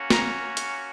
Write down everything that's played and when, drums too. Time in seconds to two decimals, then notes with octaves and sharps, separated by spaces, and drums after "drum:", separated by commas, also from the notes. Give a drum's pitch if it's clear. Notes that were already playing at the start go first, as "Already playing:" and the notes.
Already playing: A#3 C#4 F#4
0.10 A#5, drum: snare
0.57 drum: hi-hat